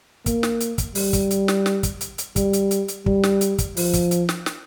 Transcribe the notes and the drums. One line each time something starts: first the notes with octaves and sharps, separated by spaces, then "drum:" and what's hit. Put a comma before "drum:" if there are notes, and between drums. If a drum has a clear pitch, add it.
A#3, drum: kick, hi-hat
drum: snare
drum: hi-hat
drum: kick, hi-hat
G3, drum: open hi-hat
drum: kick, hi-hat
drum: hi-hat
drum: snare
drum: snare
drum: kick, hi-hat
drum: hi-hat
drum: hi-hat
G3, drum: kick, hi-hat
drum: hi-hat
drum: hi-hat
drum: hi-hat
G3, drum: kick
drum: snare
drum: hi-hat
drum: kick, hi-hat
F3, drum: open hi-hat
drum: kick, hi-hat
drum: hi-hat
drum: snare
drum: snare